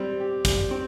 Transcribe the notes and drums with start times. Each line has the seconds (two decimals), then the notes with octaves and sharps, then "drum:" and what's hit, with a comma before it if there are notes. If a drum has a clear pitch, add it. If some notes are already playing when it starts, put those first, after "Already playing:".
Already playing: G3 C4
0.20 G4
0.45 G3, drum: kick, hi-hat
0.71 C4